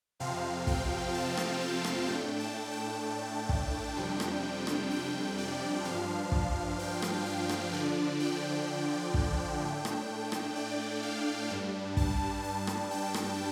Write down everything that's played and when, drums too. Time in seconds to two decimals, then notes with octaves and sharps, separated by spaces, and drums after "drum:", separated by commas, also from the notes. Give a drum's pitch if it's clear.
0.20 F2 C3 F3 C4 F5
0.67 G5, drum: kick
1.14 A5
1.37 drum: rim click
1.61 G5
1.84 drum: rim click
2.08 A2 A3 D4 G5
2.39 A5
2.71 G5
3.49 drum: kick
3.96 F2 C3 G3 D4
4.20 drum: rim click
4.67 drum: rim click
4.91 G5
5.38 D5
5.84 G2 F3 D4 F5
6.32 drum: kick
6.79 G5
7.02 drum: rim click
7.26 F5
7.49 drum: rim click
7.73 D3 F3 D4 D5
8.20 G5
9.14 drum: kick
9.61 A2 A3 D4
9.85 drum: rim click
10.32 drum: rim click
10.55 D5
11.03 F5
11.49 G2 G3 D4
11.97 A5, drum: kick
12.44 A5
12.67 drum: rim click
12.91 G5
13.14 drum: rim click